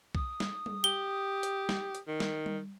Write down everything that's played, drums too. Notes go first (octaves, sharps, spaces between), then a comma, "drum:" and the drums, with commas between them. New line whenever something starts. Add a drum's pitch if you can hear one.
D#6, drum: kick C2
drum: snare
drum: tom G3
G4 G7
drum: hi-hat
drum: snare
drum: hi-hat
D#3
drum: snare
drum: tom G3